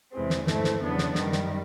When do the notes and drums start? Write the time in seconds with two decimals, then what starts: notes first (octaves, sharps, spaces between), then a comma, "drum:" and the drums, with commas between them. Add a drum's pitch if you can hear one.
0.13 E2 C3 E3 G#3 C4
0.30 drum: snare
0.47 G#2 E3 A3 C4, drum: snare
0.64 drum: snare
0.81 E2 C#3 F#3 B3 D4
0.98 drum: snare
1.15 F#2 D#3 G3, drum: snare
1.32 drum: snare